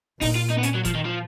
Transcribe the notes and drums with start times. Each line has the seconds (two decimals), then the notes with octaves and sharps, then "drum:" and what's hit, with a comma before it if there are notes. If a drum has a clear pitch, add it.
0.21 A#2 D#4, drum: kick F#1, open hi-hat
0.35 F4
0.50 D#4
0.58 B3
0.63 C#4, drum: hi-hat
0.75 F#3
0.85 F3, drum: kick F#1, hi-hat
0.95 D#3
1.05 F3